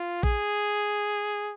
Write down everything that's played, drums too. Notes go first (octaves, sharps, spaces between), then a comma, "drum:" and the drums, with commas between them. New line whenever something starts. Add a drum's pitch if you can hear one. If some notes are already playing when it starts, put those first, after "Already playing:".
Already playing: F4
G#4, drum: kick A#1